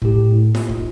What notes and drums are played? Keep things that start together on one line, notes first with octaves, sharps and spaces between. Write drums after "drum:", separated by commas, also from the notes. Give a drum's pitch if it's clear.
A2 G4, drum: kick
A2
F4, drum: snare D#4
drum: kick